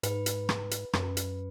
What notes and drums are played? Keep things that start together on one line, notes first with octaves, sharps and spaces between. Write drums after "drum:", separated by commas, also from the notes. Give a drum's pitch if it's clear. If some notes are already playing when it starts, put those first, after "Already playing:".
G#2 B4, drum: hi-hat
drum: hi-hat
drum: rim click
drum: hi-hat
F#2 B4, drum: rim click
drum: hi-hat